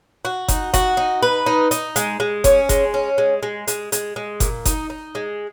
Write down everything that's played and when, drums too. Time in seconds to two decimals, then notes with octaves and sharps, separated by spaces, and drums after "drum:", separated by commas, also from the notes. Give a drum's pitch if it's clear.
0.25 F#4
0.48 D#4, drum: kick F#1, hi-hat
0.74 F#4, drum: kick F#1, hi-hat
0.97 D#4
1.22 B4
1.46 D#4
1.71 D#4, drum: hi-hat
1.96 G#3, drum: hi-hat
2.20 G#3
2.44 C#4, drum: kick F#1, hi-hat
2.69 G#3, drum: kick F#1, hi-hat
2.94 C#4
3.18 G#3
3.43 G#3
3.68 G#3, drum: hi-hat
3.92 G#3, drum: hi-hat
4.16 G#3
4.40 A#2, drum: kick F#1, hi-hat
4.65 D#4, drum: kick F#1, hi-hat
4.90 D#4
5.15 G#3